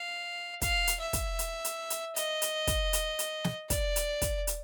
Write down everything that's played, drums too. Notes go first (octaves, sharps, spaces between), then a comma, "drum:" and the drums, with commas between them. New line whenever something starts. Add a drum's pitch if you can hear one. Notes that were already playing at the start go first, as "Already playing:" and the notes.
Already playing: F5
F5, drum: kick, hi-hat
drum: hi-hat
E5
drum: kick, hi-hat
drum: hi-hat
drum: hi-hat
drum: hi-hat
D#5, drum: hi-hat
drum: hi-hat
drum: kick, hi-hat
drum: hi-hat
drum: hi-hat
drum: snare
D5, drum: kick, hi-hat
drum: hi-hat
drum: kick, hi-hat
drum: hi-hat